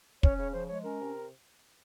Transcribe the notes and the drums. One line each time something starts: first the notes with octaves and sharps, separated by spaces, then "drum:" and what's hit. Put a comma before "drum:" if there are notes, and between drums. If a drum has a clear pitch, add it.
C#4 C#5, drum: kick
C#3 C#5
F3 C5
G#3 C#5
C#4 A#4
C3